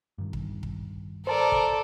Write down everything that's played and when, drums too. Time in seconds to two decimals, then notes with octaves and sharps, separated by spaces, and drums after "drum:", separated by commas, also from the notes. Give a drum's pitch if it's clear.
0.18 G2 D#3
0.33 drum: kick
0.63 drum: kick
1.27 A4 A#4 C5 D5 A5
1.52 drum: kick